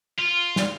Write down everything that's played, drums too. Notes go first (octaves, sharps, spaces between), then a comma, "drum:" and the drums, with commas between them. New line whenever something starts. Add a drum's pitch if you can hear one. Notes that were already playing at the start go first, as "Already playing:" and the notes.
F4
drum: snare